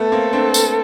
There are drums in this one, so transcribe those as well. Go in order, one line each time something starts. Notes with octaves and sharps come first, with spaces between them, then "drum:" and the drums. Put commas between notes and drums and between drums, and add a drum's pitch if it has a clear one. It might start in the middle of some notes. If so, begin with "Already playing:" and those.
Already playing: A3 B3 A4
A#3 C4
C4 D4
drum: tambourine